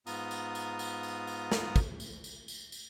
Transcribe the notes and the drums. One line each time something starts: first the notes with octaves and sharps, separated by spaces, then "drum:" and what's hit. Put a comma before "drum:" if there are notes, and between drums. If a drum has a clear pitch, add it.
G#2 B3 F4 A#5 D#6, drum: tambourine
drum: tambourine
drum: tambourine
drum: tambourine
drum: tambourine
drum: tambourine
drum: snare
drum: kick, tambourine
drum: tambourine
drum: tambourine
drum: tambourine
drum: tambourine